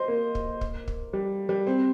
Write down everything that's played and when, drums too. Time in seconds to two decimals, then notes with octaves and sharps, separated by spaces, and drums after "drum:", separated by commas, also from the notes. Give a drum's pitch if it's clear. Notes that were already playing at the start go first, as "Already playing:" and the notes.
Already playing: C5 D#5
0.08 A#3
0.35 drum: kick
0.61 drum: kick
0.88 drum: kick
1.13 G3
1.49 G3
1.67 C4